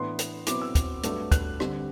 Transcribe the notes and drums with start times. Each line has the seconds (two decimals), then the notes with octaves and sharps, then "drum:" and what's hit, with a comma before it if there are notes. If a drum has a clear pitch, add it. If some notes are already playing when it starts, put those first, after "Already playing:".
Already playing: A2 E3 B3 D4 C6
0.19 drum: hi-hat
0.46 B2 F#3 C4 E4 D6, drum: hi-hat
0.61 E6
0.75 drum: kick, hi-hat
1.03 G2 F#3 A3 D4, drum: hi-hat
1.31 F#6, drum: kick, hi-hat
1.60 D3 G3 C4, drum: rim click